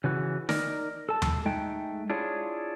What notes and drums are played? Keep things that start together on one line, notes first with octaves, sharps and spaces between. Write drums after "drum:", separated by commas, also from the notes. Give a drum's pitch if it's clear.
C#3 E3 F#4
D#4 A#4 D5, drum: snare
A4 A5
drum: tom D#2
G#3 A3 D#4 G5
D4 E4 F4 G#4 C#5